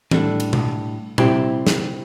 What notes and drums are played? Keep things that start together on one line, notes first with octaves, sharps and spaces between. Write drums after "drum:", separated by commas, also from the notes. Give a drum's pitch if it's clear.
A2 G3 D4 A4, drum: tom
drum: cymbal
drum: tom
C3 G3 C4 E4 G4, drum: tom
drum: snare